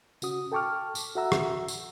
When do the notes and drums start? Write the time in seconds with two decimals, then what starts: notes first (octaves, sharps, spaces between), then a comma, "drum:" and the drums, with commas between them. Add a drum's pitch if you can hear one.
0.22 C#3 C#4 F#4 D#6, drum: tambourine
0.52 A4 G5 A5 C#6 D6 F6
0.95 drum: tambourine
1.16 F#4 A4 E5 F#5 A#5 E6
1.32 drum: rim click
1.68 drum: tambourine